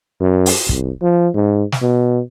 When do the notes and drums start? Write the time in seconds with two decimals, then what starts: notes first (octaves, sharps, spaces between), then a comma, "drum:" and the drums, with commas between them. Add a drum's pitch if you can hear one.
0.21 F#2
0.46 drum: open hi-hat
0.69 C2, drum: kick
1.02 F3
1.34 G#2
1.72 drum: snare
1.82 B2